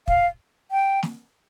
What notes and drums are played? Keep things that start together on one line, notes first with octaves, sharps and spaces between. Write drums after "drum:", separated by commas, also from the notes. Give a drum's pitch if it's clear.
F5, drum: kick
G5
drum: snare